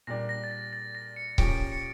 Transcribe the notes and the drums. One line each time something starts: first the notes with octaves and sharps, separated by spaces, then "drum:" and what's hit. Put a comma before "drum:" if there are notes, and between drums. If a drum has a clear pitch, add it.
A#2 G3 D4 A#6
A#6
A6
A#6
A6
A#6
C#7
A#2 F3 C#4 G4 D7, drum: kick C#1
C#7